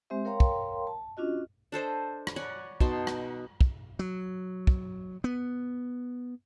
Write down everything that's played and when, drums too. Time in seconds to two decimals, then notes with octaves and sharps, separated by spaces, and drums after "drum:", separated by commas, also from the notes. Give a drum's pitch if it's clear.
0.10 G#3 C4 G4 C5 E5
0.25 A#4 C#5 F5 G5 A#5 C6
0.40 drum: kick
0.87 A5
1.17 C#4 D4 F4 F#4 D#5
1.72 D4 A4 C5 D#5
2.27 drum: rim click
2.36 C#5 D5 F#5 G#5
2.80 B2 D#4 A5 C6, drum: kick
3.07 drum: rim click
3.61 drum: kick
3.99 F#3
4.67 drum: kick
5.24 B3